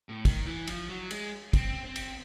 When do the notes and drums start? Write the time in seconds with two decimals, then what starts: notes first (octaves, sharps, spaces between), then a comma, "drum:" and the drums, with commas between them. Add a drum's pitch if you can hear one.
0.09 A2
0.25 D#3, drum: kick, cymbal
0.46 E3
0.67 F3, drum: cymbal
0.89 F#3
1.11 G#3, drum: cymbal
1.53 C4, drum: kick, cymbal
1.85 C4
1.96 drum: cymbal